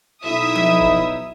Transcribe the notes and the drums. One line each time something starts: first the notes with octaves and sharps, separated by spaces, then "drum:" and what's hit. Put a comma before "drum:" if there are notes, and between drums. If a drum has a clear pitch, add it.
B1 D#4 E4 E5 D#6
drum: tom F3
drum: kick C#1